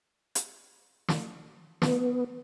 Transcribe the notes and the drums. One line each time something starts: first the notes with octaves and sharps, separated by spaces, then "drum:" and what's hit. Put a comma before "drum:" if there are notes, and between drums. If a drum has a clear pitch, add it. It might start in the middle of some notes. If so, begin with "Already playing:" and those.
drum: hi-hat
drum: snare
B3, drum: snare